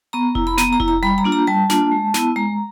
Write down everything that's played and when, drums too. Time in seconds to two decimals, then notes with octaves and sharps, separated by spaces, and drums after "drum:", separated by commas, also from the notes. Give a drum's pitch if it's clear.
0.13 B3 A#5
0.35 E4, drum: kick F1
0.47 B5
0.58 B3 A#5, drum: snare
0.73 A#5
0.80 E4, drum: kick F1
0.88 A#5
1.03 G3 B5
1.18 A#5
1.24 A#3 D4 F4
1.32 A#5
1.47 G3 A5
1.70 A#3 D4 F4, drum: snare
1.92 G#3
2.14 B3 E4, drum: snare
2.36 G#3 A#5